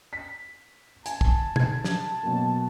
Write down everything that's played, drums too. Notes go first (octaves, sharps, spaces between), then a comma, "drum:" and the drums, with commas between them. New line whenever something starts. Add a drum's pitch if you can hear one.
B6
G#5 A5, drum: hi-hat
drum: kick
G#6, drum: tom
drum: snare
B2 F#3 A#3